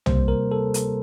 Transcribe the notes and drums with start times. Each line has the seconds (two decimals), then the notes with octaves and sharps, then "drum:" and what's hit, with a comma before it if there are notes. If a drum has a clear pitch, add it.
0.06 C3 G3 A#3 C5, drum: tom
0.28 A#4
0.52 A4
0.74 drum: hi-hat